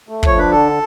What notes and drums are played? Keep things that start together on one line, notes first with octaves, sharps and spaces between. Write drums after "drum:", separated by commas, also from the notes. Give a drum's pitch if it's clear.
A3
F3 C#5, drum: kick
D4 B4
D3 A4